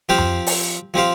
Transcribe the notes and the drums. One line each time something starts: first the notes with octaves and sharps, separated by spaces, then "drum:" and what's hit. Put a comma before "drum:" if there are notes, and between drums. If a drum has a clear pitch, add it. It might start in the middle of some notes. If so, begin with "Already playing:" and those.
F3 C4 G4 C5 F5
drum: tom F2
drum: open hi-hat
F3 C4 G4 C5 F5